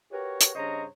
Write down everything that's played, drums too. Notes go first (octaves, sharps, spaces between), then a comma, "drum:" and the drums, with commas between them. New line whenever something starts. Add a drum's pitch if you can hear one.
F#4 G4 A#4 B4 C#5
drum: hi-hat
G2 C#3 C5 C#5 D#5 A#5